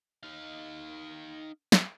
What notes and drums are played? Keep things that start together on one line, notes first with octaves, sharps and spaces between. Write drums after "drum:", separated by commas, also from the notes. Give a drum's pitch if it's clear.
D#4 F5
drum: snare